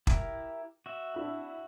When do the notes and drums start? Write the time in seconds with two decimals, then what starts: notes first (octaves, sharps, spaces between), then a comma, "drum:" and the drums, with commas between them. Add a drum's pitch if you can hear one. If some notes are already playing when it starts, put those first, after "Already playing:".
0.07 E4 G4 A#4, drum: kick
0.86 F#4 E5
1.14 D4 E4 E6